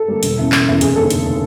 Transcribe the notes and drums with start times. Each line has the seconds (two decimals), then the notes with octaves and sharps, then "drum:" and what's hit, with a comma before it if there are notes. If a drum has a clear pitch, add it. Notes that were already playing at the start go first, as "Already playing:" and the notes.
Already playing: A4
0.08 D3 G3 A#3
0.23 E1, drum: hi-hat
0.37 E2 C#3 E3
0.52 E1, drum: clap
0.67 E2 C#3 E3
0.81 F1 G#4, drum: hi-hat
0.96 D#2 D3 A4
1.10 F1, drum: hi-hat
1.26 D3